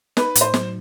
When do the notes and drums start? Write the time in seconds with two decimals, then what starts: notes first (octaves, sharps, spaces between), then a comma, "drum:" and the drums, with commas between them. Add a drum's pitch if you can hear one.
0.17 D#4 B4, drum: snare
0.35 A2, drum: hi-hat
0.41 C5
0.54 F#3, drum: snare